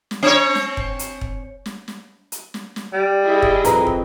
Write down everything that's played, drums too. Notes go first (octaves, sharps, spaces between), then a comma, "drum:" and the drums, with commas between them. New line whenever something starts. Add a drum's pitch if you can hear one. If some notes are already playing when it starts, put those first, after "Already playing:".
drum: snare
C4 C#5
drum: snare
drum: kick
drum: hi-hat
drum: kick
drum: snare
drum: snare
drum: hi-hat
drum: snare
drum: snare
G3
E4 G#4 D#5
drum: kick
F2 C4 B4 A#5, drum: hi-hat
drum: kick